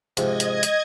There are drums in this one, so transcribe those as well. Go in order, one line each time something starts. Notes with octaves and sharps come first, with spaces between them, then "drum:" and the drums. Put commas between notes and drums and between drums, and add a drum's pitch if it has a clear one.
G#2 C3 F3 D#5 G#6, drum: hi-hat
drum: hi-hat
drum: hi-hat